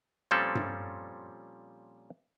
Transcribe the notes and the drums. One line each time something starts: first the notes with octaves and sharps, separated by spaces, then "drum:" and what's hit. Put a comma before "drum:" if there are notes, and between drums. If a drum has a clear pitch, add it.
A#2 F3 G3 C4 C#4 A4
drum: tom G2